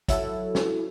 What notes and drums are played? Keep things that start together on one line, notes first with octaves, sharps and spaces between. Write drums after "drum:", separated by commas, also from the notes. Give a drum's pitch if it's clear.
F#3 E4 F#4 A4, drum: kick, hi-hat
drum: snare